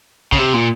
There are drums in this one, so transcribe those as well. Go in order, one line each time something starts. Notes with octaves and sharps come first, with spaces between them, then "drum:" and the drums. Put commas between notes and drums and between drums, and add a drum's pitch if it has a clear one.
C#3, drum: kick
C3
A#2